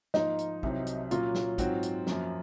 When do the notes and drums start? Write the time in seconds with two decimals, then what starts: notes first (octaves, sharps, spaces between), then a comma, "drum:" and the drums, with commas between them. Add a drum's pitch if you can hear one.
0.14 G#2 F3 A#3 D#4 F4, drum: snare
0.39 drum: hi-hat
0.63 C2 C3 F#3 C4, drum: kick
0.87 drum: hi-hat
1.11 A#2 F#3 A#3 C#4 F4, drum: hi-hat
1.35 drum: snare
1.58 G#2 F#3 C4 F#4, drum: kick, hi-hat
1.83 drum: hi-hat
2.07 F#2 F3 A#3, drum: snare